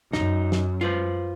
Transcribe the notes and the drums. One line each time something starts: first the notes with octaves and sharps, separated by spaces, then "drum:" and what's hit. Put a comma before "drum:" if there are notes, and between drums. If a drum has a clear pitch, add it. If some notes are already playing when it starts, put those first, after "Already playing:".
F#2 D#4, drum: snare
drum: snare
F4 B4 C5